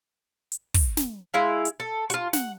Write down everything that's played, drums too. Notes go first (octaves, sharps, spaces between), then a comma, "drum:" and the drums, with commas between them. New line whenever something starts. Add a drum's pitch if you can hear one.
drum: hi-hat
drum: kick, open hi-hat
drum: snare
G#3 E4 F5
drum: hi-hat
A4
F4 F#4, drum: hi-hat
F#5, drum: snare